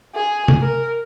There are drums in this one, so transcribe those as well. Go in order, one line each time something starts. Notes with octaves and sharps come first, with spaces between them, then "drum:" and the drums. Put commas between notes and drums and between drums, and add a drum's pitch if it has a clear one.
G#4
drum: tom
A#4